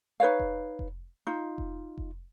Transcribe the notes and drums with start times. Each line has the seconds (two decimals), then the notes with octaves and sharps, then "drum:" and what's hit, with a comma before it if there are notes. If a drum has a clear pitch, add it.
0.20 D#4 B4 C#5 F5
0.40 drum: kick F1
0.79 drum: kick F1
1.27 D#4 F4
1.58 drum: kick F1
1.98 drum: kick F1